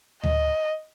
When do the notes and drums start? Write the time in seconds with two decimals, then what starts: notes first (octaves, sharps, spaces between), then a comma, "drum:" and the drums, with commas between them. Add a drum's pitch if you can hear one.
0.24 D#5, drum: tom D2